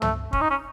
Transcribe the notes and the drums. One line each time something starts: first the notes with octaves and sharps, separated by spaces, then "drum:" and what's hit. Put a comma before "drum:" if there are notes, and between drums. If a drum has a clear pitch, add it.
A3, drum: tom
C#4, drum: kick
D#4
C#4